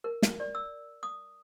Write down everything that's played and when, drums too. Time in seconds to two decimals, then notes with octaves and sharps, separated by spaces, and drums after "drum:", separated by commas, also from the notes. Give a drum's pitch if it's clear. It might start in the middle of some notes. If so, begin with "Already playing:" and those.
0.04 A#4
0.22 drum: snare
0.40 D5
0.55 E6
1.03 D#6